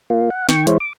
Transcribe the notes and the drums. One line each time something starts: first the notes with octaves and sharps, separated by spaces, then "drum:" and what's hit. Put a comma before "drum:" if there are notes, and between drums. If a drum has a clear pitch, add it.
A#3 F4
F#5
D#3 G5 C#6, drum: snare
E3 G#3 E4 C5 C#5, drum: hi-hat
D6